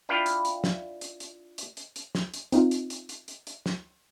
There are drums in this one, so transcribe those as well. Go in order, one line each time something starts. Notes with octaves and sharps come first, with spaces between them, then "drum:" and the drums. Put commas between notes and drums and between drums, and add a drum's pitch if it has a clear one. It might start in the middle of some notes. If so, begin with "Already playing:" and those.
D4 E4 F4 B4 F5 G5
drum: hi-hat
drum: hi-hat
drum: snare
drum: hi-hat
drum: hi-hat
drum: hi-hat
drum: hi-hat
drum: hi-hat
drum: snare
drum: hi-hat
C4 D#4 F4, drum: hi-hat
drum: hi-hat
drum: hi-hat
drum: hi-hat
drum: hi-hat
drum: hi-hat
drum: snare